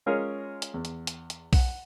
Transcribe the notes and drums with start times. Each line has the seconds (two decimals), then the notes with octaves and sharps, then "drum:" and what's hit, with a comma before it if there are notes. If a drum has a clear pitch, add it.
0.06 G#3 C#4 F4 G#4 A#4 C#5
0.62 drum: hi-hat
0.74 E2
0.85 drum: hi-hat
1.07 drum: hi-hat
1.30 drum: hi-hat
1.53 F#5, drum: kick B1, open hi-hat